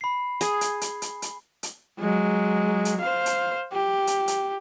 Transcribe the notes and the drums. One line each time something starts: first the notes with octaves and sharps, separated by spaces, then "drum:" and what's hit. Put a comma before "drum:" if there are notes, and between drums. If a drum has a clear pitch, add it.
B5 C7
G#4, drum: hi-hat
drum: hi-hat
drum: hi-hat
drum: hi-hat
drum: hi-hat
drum: hi-hat
F#3 G#3
drum: hi-hat
C5 F5
drum: hi-hat
G4
drum: hi-hat
drum: hi-hat